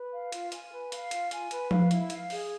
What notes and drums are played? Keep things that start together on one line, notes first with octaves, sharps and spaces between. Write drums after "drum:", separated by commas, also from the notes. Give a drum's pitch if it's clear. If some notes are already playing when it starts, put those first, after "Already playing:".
Already playing: B4
F5
F4, drum: hi-hat
G#5, drum: hi-hat
B4
F5, drum: hi-hat
F4, drum: hi-hat
G#5, drum: hi-hat
B4, drum: hi-hat
F5, drum: tom F3
E4, drum: hi-hat
F5, drum: hi-hat
G#4, drum: open hi-hat